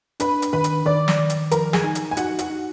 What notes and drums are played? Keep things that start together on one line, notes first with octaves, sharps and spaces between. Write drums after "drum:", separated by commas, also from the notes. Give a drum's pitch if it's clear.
D4 B4 B5, drum: hi-hat
drum: hi-hat
D#3 B4 B5
drum: hi-hat
D#3 D5 D6
drum: snare
D#3
drum: hi-hat
F3 A#4 A#5, drum: hi-hat
G#4 G#5, drum: snare
D#4
drum: hi-hat
G#5
D#4 F#4 F#5, drum: hi-hat
F#4 F#5, drum: hi-hat
D#4